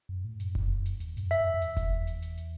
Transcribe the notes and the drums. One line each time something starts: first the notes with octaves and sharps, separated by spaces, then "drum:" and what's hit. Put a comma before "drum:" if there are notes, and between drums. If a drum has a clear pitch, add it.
F#2
A2
F#2, drum: hi-hat
drum: kick F1
drum: hi-hat
E2, drum: hi-hat
A2, drum: hi-hat
F#2
E5, drum: hi-hat
F#2
F#2
E2, drum: hi-hat
drum: kick F1, hi-hat
drum: hi-hat
drum: hi-hat
drum: hi-hat